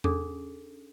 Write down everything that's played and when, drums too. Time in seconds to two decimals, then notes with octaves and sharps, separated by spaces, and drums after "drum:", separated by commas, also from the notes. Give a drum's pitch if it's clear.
0.04 C#4 D4 G#4 A4, drum: tom E2